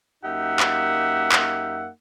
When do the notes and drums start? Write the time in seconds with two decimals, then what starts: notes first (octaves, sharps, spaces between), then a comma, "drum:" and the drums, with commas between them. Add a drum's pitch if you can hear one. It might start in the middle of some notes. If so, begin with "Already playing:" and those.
0.24 F#2 A#3 D#4 G4 E5 F#5
0.60 drum: clap
1.32 drum: clap